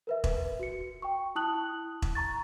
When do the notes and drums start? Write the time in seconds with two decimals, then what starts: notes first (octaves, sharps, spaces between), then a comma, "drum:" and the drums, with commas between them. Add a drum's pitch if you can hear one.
0.07 A#4 B4 E5
0.24 drum: kick E1
0.59 F#4 C#7
1.02 G5 C#6
1.35 E4 A5 D#6 F#6 F#7
2.02 drum: kick E1
2.15 A#5 C#6 A6